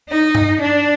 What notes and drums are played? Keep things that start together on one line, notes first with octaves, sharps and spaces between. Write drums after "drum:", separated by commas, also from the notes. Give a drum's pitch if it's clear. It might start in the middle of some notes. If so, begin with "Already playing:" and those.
D#4
drum: tom G2
D4